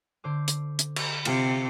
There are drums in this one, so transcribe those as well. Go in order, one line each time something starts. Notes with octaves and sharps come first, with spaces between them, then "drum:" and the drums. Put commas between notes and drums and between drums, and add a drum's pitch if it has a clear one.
D3 C5 D6
drum: hi-hat
drum: hi-hat
drum: cymbal
C3 F4 G5, drum: cymbal